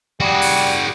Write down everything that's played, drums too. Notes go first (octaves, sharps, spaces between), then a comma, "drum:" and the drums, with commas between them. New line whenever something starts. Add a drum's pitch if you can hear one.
G3 F#4 G#4
drum: open hi-hat